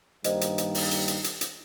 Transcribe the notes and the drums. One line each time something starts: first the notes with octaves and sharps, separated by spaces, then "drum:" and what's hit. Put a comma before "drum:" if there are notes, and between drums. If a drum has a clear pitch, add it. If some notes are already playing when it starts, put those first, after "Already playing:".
G2 D#3 G3 A#3 D#4 C5 D#5, drum: hi-hat
drum: hi-hat
drum: hi-hat
drum: open hi-hat
drum: hi-hat
drum: hi-hat
drum: hi-hat
drum: hi-hat